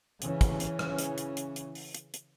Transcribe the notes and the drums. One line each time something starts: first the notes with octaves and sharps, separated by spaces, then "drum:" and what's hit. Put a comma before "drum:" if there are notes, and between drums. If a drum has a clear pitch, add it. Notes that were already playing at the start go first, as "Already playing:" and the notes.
C#3 E3 C#4, drum: hi-hat
drum: kick, hi-hat
drum: hi-hat
drum: rim click
drum: hi-hat
drum: hi-hat
drum: hi-hat
drum: hi-hat
drum: open hi-hat
drum: hi-hat
drum: hi-hat